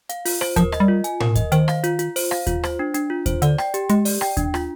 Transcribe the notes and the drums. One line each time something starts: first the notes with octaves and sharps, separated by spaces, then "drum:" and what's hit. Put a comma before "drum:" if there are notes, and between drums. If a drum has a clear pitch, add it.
F5, drum: hi-hat
F4, drum: open hi-hat
C5, drum: rim click
F3 A#4, drum: kick D#2, hi-hat
D#5, drum: rim click
G3
F4
G#5, drum: hi-hat
A#4, drum: tom A2
D#5, drum: kick D#2, hi-hat
D#3 C5, drum: hi-hat
F5, drum: rim click
F4, drum: hi-hat
F4, drum: hi-hat
C5, drum: open hi-hat
F5, drum: rim click
F4, drum: kick D#2, hi-hat
C5, drum: rim click
D4
D4, drum: hi-hat
F4
C5, drum: kick D#2, hi-hat
D3 D5, drum: hi-hat
G5, drum: rim click
G4, drum: hi-hat
G#3 G4, drum: hi-hat
D5, drum: open hi-hat
G5, drum: rim click
D4, drum: kick D#2, hi-hat
F4, drum: rim click